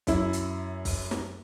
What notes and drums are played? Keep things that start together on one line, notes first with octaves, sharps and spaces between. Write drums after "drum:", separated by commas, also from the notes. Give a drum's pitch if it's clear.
F#2 E4, drum: kick, hi-hat
drum: hi-hat
drum: kick, open hi-hat
drum: snare